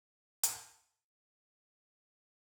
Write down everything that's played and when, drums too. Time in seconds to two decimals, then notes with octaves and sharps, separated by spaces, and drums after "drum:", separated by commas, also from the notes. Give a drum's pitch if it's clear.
0.43 drum: hi-hat
0.95 F4
1.29 E3 F#3 G3
1.55 D#4 F4 A5
1.85 B5 B6 D7
2.11 F#4 G#4 C#5
2.36 G2 A5